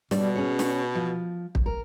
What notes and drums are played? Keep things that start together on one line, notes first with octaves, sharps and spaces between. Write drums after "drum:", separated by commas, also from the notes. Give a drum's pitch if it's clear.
B2 G3 A4 D5, drum: snare
C#4 G#4 C#5
drum: snare
F3
drum: kick
A#4